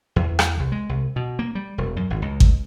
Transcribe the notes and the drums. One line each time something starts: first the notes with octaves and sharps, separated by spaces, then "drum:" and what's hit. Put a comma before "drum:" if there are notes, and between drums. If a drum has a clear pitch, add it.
E2
drum: rim click
C2
G#3
C2
B2
A#3
G3
E1
F#2
G#1
C#2
drum: kick G#1